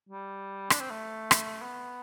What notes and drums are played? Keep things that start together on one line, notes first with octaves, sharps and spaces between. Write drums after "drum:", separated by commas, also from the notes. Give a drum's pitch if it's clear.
G3
D4, drum: rim click
C4
A3
drum: rim click
B3